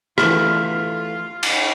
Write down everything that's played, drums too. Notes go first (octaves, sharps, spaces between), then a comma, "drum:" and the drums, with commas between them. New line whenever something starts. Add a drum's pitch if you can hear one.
E3 A3 F4 A4 F6, drum: rim click
drum: cymbal